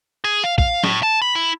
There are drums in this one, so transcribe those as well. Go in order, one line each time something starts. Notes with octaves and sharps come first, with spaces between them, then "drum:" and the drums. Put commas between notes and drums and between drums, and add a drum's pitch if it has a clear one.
G#4
F5
F5, drum: kick
A2, drum: snare
A5
B5
E4